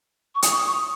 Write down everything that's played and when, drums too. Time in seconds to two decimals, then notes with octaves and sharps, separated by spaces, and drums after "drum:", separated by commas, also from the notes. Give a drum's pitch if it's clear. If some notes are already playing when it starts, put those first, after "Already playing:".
0.35 C#6
0.42 D#6, drum: hi-hat
0.51 C#6
0.59 D#6
0.67 C#6
0.76 D#6